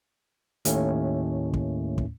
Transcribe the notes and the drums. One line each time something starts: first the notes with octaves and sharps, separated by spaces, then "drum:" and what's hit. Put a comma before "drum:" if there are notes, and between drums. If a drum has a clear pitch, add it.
D#2 A2 A3 C#4, drum: hi-hat
drum: kick
drum: kick